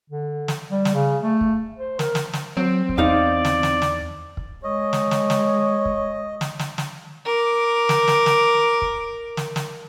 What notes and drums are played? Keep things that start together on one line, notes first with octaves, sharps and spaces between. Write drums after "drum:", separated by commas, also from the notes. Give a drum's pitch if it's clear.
D3
drum: snare
G3
drum: snare
C#3
A3
drum: kick
C5
A#4, drum: snare
drum: snare
drum: snare
F#3 C4
drum: kick
E2 D#4 D5 F5
drum: snare
drum: snare
drum: snare
drum: kick
G#3 C#5 D#5
drum: snare
drum: snare
drum: snare
drum: kick
drum: snare
drum: snare
drum: snare
A#4 D6
drum: snare
drum: snare
drum: snare
drum: kick
drum: snare
drum: snare